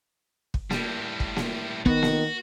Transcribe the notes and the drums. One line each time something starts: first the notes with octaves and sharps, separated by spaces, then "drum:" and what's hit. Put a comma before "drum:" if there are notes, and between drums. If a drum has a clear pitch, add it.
drum: kick
A2 G3, drum: snare A#3
drum: kick
drum: snare A#3
D#3 B3 F#4, drum: kick
drum: snare A#3